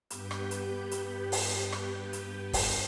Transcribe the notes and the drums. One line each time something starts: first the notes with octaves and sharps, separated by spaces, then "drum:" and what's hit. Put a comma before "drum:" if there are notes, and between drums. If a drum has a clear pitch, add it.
G2 B3 G4 B4 G6, drum: hi-hat
drum: rim click
drum: hi-hat
drum: hi-hat
drum: open hi-hat
drum: rim click
drum: hi-hat
drum: kick, open hi-hat